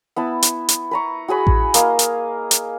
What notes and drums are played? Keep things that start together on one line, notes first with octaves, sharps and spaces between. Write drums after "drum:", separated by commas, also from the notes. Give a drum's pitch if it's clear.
B3 E4 A5
drum: hi-hat
drum: hi-hat
B4 A#5 C#6
F#4 G#4 G#5 B5
drum: kick A1
A#3 D#5 F5, drum: hi-hat
drum: hi-hat
drum: hi-hat